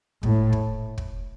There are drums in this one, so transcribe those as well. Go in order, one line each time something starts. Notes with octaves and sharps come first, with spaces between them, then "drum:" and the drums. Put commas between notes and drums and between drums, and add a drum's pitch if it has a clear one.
A2, drum: kick
drum: kick
drum: kick